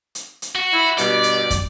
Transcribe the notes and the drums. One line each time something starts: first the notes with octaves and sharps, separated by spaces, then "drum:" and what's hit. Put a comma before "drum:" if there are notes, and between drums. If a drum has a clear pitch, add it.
drum: hi-hat
drum: hi-hat
F#4
E4
G2 B2 G3 D5, drum: hi-hat
drum: hi-hat
drum: kick, hi-hat